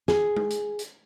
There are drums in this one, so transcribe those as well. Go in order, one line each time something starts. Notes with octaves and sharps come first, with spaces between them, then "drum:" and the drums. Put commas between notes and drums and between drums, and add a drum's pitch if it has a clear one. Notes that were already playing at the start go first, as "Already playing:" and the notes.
G#4, drum: snare
drum: tom G#3
drum: hi-hat
drum: hi-hat